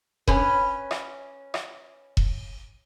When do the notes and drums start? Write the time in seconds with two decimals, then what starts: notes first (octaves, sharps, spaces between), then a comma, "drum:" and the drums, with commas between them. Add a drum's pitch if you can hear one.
0.28 C#4 B4, drum: kick E1
0.91 drum: rim click
1.54 drum: rim click
2.17 drum: kick E1